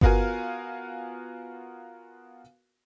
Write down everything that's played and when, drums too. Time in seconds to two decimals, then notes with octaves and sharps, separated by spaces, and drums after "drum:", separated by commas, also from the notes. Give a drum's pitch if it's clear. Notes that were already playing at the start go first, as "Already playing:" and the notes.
0.01 B3 F4 F#4 A#4 F5 G#5, drum: kick G1